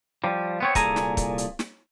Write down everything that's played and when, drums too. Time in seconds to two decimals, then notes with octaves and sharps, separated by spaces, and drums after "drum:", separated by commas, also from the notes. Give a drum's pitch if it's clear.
0.24 F3 G3
0.60 B3 C4 C#5
0.75 C2 A#2 G#4 A4 G#5 A#5, drum: kick, hi-hat
0.96 drum: snare
1.17 drum: kick, hi-hat
1.38 drum: hi-hat
1.59 drum: snare